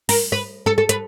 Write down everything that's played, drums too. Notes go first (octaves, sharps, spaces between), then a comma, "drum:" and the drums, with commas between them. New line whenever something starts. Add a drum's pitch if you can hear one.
A#4, drum: open hi-hat
B4
A4
A4
B4, drum: hi-hat